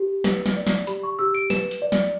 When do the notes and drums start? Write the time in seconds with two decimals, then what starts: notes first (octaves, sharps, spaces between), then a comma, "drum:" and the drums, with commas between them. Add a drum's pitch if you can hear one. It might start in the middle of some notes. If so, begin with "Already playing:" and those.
Already playing: G4
0.24 B4, drum: snare
0.46 drum: snare
0.56 D5
0.67 drum: snare
0.87 G4 B5, drum: hi-hat
1.03 C#6
1.19 G4 E6
1.35 D7
1.50 B4 E7, drum: snare
1.71 drum: hi-hat
1.82 D5
1.92 drum: snare